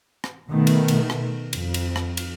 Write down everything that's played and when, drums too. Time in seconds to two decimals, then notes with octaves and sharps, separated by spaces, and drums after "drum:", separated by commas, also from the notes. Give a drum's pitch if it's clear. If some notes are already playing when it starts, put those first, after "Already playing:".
0.24 drum: rim click
0.48 B2 D#3 A3 B3
0.67 drum: cymbal
0.88 drum: cymbal
1.10 drum: rim click
1.53 F2, drum: cymbal
1.74 drum: cymbal
1.96 drum: rim click
2.17 drum: cymbal